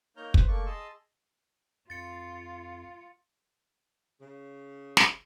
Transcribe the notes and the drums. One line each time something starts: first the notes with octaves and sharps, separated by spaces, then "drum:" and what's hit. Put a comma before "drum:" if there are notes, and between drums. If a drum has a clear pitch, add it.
A#3 D#4 C#5 A#5 F6 G6
B4 C5, drum: kick
A3 A#3 D5 C#6
G#4 D#5 A5 C6 E6
F2 F4 A6 C#7
C#3
drum: snare